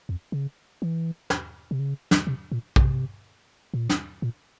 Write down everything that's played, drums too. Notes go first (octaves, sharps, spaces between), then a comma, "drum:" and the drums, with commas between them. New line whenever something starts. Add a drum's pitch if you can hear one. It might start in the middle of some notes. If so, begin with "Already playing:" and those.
F2
C#3
E3
drum: snare
C3
C#3
drum: snare
C3
A#2
C3, drum: kick
A#2
drum: snare
A#2